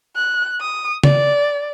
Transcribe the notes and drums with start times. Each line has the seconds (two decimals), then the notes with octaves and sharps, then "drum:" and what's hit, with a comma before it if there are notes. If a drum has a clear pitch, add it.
0.16 F#6
0.61 D#6
1.04 D5, drum: tom C#3